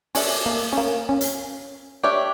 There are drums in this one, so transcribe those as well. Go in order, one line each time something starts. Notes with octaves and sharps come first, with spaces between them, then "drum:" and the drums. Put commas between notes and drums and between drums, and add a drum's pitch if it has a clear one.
C#4 D4 A4 E5, drum: open hi-hat
A#3
C#4
A#3
C#4
drum: hi-hat
D4 G4 C#5 E5